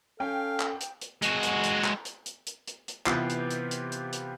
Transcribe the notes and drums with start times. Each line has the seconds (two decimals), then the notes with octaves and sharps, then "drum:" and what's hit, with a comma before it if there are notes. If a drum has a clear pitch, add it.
0.20 C#4 A4 F5 G5
0.60 drum: clap
0.80 drum: hi-hat
1.01 drum: hi-hat
1.22 G#3 F#4, drum: hi-hat
1.43 drum: hi-hat
1.63 drum: hi-hat
1.84 drum: clap
2.05 drum: hi-hat
2.26 drum: hi-hat
2.46 drum: hi-hat
2.67 drum: hi-hat
2.88 drum: hi-hat
3.06 C3 E3 B3 F4 G4 C7, drum: clap
3.29 drum: hi-hat
3.50 drum: hi-hat
3.71 drum: hi-hat
3.92 drum: hi-hat
4.12 drum: hi-hat